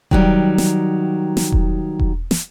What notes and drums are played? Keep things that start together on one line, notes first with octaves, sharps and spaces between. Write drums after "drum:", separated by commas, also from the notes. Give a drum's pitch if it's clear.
D#3 F#3 G3, drum: kick E1
drum: snare
drum: snare
drum: kick E1
drum: kick E1
drum: snare